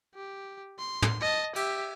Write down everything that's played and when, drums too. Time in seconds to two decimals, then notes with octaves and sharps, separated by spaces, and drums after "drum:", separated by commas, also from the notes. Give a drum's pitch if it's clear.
0.15 G4
0.79 C6
1.02 drum: tom
1.21 D#5 A5
1.56 G4 E5, drum: cymbal